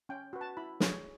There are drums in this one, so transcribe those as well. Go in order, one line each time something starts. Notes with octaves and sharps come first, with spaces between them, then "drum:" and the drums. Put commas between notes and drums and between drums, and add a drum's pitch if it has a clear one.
C#4 G5
F#4 B4
A5
E4 B5
G#4 C#5, drum: snare